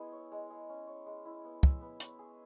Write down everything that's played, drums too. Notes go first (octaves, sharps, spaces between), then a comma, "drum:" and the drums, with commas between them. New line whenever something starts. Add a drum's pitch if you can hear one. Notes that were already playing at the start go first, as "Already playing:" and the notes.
Already playing: G#3 B3 E4 G#4
C#5
G#3
G#4
C#4
C#5
G#3
E4
B3
E5, drum: kick
B3
C#5, drum: hi-hat
G#4